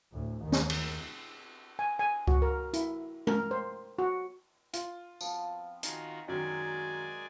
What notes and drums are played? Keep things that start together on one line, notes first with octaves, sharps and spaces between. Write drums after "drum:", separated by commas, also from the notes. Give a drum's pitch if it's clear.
D2 A2
D#2 D#3
drum: snare
drum: cymbal
G#5
G#5
F#4, drum: kick C#2
A#4
E4, drum: hi-hat
A#4, drum: tom G#3
C5
F#4
F4, drum: hi-hat
F3 B3 C4, drum: tambourine
D#3 D#4 F4 F#4 G#5, drum: hi-hat
F#2 D#3 F#3 G#3 F#4 A#4 D5 G#5